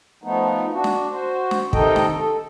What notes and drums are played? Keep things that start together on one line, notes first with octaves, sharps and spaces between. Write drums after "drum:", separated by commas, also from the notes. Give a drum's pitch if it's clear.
F3 A3 B3 D#4
D4 F#4
drum: snare
F#4 C5
drum: snare
C3 D#3 D#4 A4 D#5 G5, drum: kick
drum: snare
A4